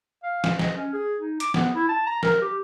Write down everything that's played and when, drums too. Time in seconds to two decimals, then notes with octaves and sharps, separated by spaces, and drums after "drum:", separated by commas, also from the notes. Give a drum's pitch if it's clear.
0.23 F5
0.44 drum: snare
0.59 D#5, drum: snare
0.76 C#4
0.93 G#4
1.20 D#4
1.40 D6, drum: hi-hat
1.54 B3, drum: snare
1.75 E4
1.89 A5
2.06 A#5
2.23 A#4, drum: snare
2.42 G4